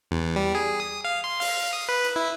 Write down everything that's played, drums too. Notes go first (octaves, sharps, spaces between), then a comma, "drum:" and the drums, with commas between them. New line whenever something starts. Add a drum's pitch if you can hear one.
E2
G3
G#4
D#6
F5
C6
F5, drum: open hi-hat
D#6
B4
drum: cymbal
E4